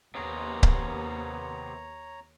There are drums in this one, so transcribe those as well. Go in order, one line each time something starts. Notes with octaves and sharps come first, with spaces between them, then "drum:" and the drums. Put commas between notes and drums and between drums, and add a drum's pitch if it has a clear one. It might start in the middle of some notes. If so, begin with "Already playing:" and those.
D#2 C3 B3 G#4 C#5 A#5
drum: kick C#1